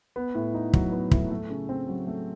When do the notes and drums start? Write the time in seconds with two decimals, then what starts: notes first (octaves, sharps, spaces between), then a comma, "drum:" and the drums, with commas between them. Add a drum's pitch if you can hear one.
0.16 B3
0.35 A2
0.54 D#4
0.73 F#3, drum: kick
0.92 B3
1.11 A2, drum: kick
1.31 A3
1.50 C#3
1.69 C4
1.88 F#3
2.07 A3